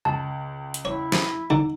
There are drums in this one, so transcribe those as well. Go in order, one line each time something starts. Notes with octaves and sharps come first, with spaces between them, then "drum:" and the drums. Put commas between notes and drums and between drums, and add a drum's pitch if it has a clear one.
C#2 A5
drum: hi-hat
E4 C#5
drum: snare
D3 D#4